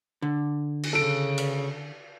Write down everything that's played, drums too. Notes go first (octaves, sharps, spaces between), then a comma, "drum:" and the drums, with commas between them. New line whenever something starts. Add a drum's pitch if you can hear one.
D3
drum: cymbal
C#3 A4 D7
drum: cymbal